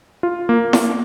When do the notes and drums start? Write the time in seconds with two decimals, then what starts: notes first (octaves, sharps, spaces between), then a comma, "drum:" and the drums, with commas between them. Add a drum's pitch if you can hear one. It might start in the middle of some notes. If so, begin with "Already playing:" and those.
0.23 F4
0.49 A#3
0.73 drum: snare E4